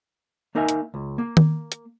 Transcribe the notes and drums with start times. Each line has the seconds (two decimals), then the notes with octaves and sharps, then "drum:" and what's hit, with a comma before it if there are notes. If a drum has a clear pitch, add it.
0.55 A#3 D#4 A#4 E5 G#5
0.68 drum: hi-hat
0.94 C#2
1.18 A#3
1.37 drum: tom D#3
1.72 drum: hi-hat